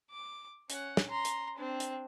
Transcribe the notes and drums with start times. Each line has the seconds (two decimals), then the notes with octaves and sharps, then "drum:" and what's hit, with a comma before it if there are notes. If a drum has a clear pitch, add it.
0.11 D6
0.70 C#4 F#5, drum: hi-hat
0.97 drum: snare
1.09 A#5 C6
1.25 drum: hi-hat
1.57 C4 D4
1.80 drum: hi-hat